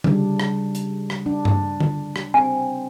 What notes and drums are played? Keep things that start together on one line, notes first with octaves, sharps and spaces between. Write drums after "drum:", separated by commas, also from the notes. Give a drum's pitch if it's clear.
C#3 G3 D4, drum: tom D3
drum: rim click
drum: hi-hat
drum: rim click
D4
drum: tom G2
drum: tom D3
drum: rim click
C4 G#5